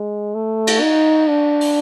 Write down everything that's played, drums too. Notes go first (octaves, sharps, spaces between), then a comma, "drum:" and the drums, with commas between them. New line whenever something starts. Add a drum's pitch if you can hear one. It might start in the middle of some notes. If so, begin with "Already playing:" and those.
Already playing: G#3
A3
drum: cymbal
D#4
D4
drum: open hi-hat